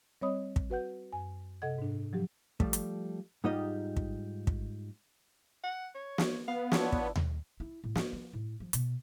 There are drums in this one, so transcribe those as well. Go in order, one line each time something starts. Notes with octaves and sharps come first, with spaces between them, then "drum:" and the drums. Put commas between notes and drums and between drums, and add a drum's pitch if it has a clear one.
G3 C4 C#5 D#5 B5 D#6
drum: kick
F#4 B4 F#5 G6
F#2 G#5
C3 A4 D#5 F#5 G#6
G#2 D4
F3 F#3 G4
F3 G3 A3, drum: kick
drum: hi-hat
G#2 G3 D#4 F4 G4 D#5
drum: kick
drum: kick
F#5
C#5
drum: snare
B3 F5
F3 D4 E4 C#5, drum: snare
drum: kick
drum: tom D#2
E4
A2
F4, drum: snare
F3
A2
F3
B2, drum: hi-hat